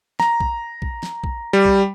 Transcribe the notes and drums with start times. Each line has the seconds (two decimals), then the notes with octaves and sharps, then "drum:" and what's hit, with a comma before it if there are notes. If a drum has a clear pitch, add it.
0.20 A#5, drum: snare
0.40 drum: kick
0.82 drum: kick
1.03 drum: snare
1.24 drum: kick
1.53 G3
1.65 drum: kick